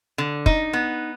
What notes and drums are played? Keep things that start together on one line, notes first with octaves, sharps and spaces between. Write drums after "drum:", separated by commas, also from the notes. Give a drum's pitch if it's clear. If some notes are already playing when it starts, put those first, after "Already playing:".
D3
D#4, drum: kick
B3